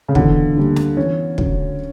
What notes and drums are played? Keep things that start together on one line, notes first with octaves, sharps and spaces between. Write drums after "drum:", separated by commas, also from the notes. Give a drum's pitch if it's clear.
C#3
E2 B2 D3 F#3, drum: kick
D2 C#3 G3 A#3
drum: snare
F#2 E3 B3 C#4
D2 C#3 F#3 C#4, drum: kick